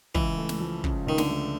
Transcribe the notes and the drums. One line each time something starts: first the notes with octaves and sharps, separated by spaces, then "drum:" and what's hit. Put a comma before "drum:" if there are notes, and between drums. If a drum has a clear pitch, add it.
C#2 E3, drum: kick
A3
drum: snare
F3
C#3, drum: kick
C#2 D#3
D3, drum: snare
A3